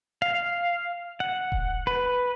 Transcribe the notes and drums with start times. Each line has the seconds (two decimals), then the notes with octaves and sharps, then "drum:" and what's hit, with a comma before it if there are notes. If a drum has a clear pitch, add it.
0.22 F5
1.20 F#5
1.52 drum: kick D#1
1.87 B4